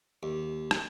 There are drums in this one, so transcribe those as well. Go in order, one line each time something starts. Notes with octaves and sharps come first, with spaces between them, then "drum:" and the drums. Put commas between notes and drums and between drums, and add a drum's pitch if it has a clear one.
D#2
drum: rim click